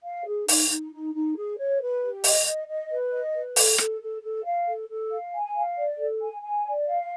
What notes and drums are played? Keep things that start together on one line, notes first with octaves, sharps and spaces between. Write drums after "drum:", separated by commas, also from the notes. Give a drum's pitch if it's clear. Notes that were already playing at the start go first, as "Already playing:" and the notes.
F5
G#4
D#4, drum: open hi-hat
D#4
D#4
D#4
G#4
C#5
B4
G4
D#5, drum: open hi-hat
D#5
D#5
B4
D#5
B4
A4, drum: open hi-hat
A4, drum: rim click
A4
A4
F5
A4
A4
F5
G#5
F5
D5
A4
G#5
G#5
D5
F5